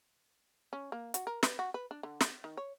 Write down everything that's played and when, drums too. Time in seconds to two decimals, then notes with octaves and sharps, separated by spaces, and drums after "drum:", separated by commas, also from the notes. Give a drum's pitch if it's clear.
0.73 C#4
0.92 A#3
1.14 F#4, drum: hi-hat
1.27 A#4
1.43 B4, drum: snare
1.59 F#4
1.74 B4
1.91 D4
2.03 D3
2.21 drum: snare
2.44 D#3
2.57 C#5